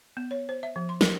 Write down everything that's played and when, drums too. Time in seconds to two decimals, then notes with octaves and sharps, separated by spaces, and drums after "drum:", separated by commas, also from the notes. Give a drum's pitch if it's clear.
0.17 B3
0.31 C#5
0.49 C5
0.63 E5
0.76 F3
0.89 C6
1.01 A#4, drum: snare